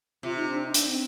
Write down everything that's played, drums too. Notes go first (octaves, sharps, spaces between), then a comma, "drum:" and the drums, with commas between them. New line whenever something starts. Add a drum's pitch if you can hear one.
C3 F4
D#4
D4
D#4
D4, drum: hi-hat
C4